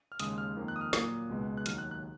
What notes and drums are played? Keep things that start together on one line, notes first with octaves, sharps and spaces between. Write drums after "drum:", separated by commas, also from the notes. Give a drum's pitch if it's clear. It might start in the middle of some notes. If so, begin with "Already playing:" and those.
F6
D#2 C#3 G#3 D#6, drum: hi-hat
F6
F2 D#3 A#3
F#6
D#6
F6
A#2 F#3 A#3 D#6, drum: snare
C#2 B2 G#3 B3
F#6
D#2 D#3 F#3 F6, drum: hi-hat
F#6
F#6